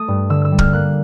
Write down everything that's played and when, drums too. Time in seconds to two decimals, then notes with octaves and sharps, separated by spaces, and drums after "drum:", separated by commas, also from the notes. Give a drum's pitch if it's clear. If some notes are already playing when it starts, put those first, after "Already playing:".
Already playing: A3 D#6
0.08 G2
0.30 D3 E6
0.45 E6
0.51 G3
0.59 F6, drum: kick
0.73 A#3 F#6